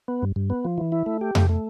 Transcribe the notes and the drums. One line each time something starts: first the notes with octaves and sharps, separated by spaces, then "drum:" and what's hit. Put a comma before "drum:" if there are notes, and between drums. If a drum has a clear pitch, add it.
B3
G2
G2
B3
F3
E3
E4
A3
G4
A3, drum: tom F2
A3